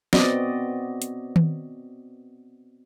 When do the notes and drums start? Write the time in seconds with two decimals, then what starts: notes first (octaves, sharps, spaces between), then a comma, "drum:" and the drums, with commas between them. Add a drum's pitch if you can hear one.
0.13 B3 C4 F#4 D5 D#5, drum: snare
1.02 drum: hi-hat
1.36 drum: tom D#3